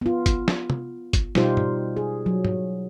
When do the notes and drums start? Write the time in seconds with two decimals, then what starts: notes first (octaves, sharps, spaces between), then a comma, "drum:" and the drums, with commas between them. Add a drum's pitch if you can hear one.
0.01 B3 F4
0.26 drum: kick, hi-hat
0.48 drum: snare
0.70 drum: tom
1.13 drum: kick, hi-hat
1.35 B2 G3 D#4 F4 G4 C5, drum: snare
1.57 drum: tom
1.97 G#4
2.26 F#3
2.45 drum: tom